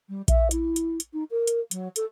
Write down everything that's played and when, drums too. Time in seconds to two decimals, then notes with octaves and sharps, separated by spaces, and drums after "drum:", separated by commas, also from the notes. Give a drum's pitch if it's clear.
0.09 G3
0.28 E5, drum: kick A#1, hi-hat
0.51 E4, drum: hi-hat
0.76 drum: hi-hat
1.00 drum: hi-hat
1.13 D#4
1.31 A#4
1.47 drum: hi-hat
1.71 F#3, drum: hi-hat
1.96 A4, drum: hi-hat